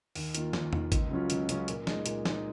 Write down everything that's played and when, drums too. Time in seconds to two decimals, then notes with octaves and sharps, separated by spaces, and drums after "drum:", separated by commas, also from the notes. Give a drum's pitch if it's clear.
0.15 D#2, drum: open hi-hat
0.35 D#3 A#3 F4, drum: hi-hat
0.53 D#2, drum: snare
0.73 D#3 A#3 F4, drum: tom E2
0.92 C#2, drum: kick, hi-hat
1.11 C#3 F#3 C#4 F4
1.30 C#2, drum: hi-hat
1.49 C#3 F#3 C#4 F4, drum: hi-hat
1.68 A#2, drum: hi-hat
1.87 G#3 D#4, drum: snare
2.06 A#2, drum: hi-hat
2.25 G#3 D#4, drum: snare